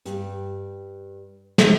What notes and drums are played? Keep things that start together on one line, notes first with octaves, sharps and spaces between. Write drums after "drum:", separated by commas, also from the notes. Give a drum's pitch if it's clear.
G2 G4, drum: hi-hat
drum: snare